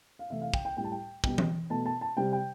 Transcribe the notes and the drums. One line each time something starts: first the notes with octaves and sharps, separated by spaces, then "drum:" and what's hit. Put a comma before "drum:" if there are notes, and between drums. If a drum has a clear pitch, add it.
F5
C3 E3 A3 E5
F5
G5, drum: kick
G5
A2 G3 G5
A5
G5
B2 G3 G5, drum: kick
drum: tom E3
B2 A3 A5
A5
A5
C3 G3 G5
G5